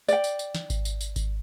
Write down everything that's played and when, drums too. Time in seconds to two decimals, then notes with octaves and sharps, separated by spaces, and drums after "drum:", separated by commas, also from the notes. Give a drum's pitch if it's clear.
0.08 D5 G5, drum: tambourine
0.24 drum: tambourine
0.39 drum: tambourine
0.55 drum: snare
0.70 drum: kick G#1, tambourine
0.85 drum: tambourine
1.01 drum: tambourine
1.16 drum: kick G#1, tambourine